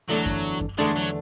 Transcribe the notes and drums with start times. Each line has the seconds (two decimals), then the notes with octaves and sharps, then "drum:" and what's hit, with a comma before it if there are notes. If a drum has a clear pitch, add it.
0.08 E2 D3 F#3 A3 D4 A4
0.26 drum: kick F#2
0.61 drum: kick F#2
0.78 E2 D3 G#3 A3 D4 A4
0.96 F#3